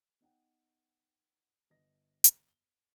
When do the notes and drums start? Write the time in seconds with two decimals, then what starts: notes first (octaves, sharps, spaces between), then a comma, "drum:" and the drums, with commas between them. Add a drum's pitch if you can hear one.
0.21 B3 D#4 F#5 G5
1.70 G1 D#5 A#6
2.24 drum: hi-hat
2.48 G7